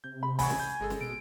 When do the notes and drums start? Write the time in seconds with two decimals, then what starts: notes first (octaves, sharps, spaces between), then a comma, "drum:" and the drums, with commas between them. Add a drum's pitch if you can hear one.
0.04 C3 G6
0.23 B5
0.39 A1 F#5 G#5 B5 C#6, drum: kick, open hi-hat
0.50 drum: snare
0.60 G6
0.81 G1 G#3 G#4 A4
0.90 drum: snare
1.01 B2 D7